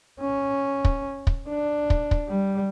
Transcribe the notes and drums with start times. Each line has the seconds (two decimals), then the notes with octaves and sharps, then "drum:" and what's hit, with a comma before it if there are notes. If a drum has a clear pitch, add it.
0.20 C#4
0.85 drum: kick
1.27 drum: kick
1.48 D4
1.90 drum: kick
2.11 drum: kick
2.28 G3